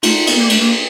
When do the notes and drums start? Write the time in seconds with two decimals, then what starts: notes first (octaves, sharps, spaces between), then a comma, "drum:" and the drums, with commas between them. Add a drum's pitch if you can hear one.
0.03 A3 D#4 F4, drum: cymbal
0.27 B3, drum: cymbal
0.39 A#3
0.50 A3, drum: cymbal
0.60 A#3